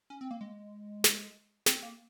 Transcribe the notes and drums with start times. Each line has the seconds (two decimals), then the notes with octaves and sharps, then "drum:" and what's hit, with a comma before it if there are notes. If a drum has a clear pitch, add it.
0.10 C#4
0.21 C4
0.31 A#3
0.41 G#3
1.04 drum: snare
1.66 C4, drum: snare
1.83 A#3